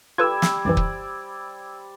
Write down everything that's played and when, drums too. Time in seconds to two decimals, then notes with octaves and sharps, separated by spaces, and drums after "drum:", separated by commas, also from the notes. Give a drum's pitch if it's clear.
0.18 G3 F4 A4 B4 D5 E6 G#6
0.42 drum: snare
0.65 C#2 F#2 E3 C5 D5
0.77 drum: kick